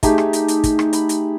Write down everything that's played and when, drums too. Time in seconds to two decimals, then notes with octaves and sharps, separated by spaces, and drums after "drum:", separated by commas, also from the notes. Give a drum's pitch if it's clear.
0.03 A3 D#4 G4 G#4, drum: kick, hi-hat
0.18 drum: rim click
0.33 drum: hi-hat
0.48 drum: hi-hat
0.64 drum: kick, hi-hat
0.79 drum: rim click
0.93 B5, drum: hi-hat
1.09 drum: hi-hat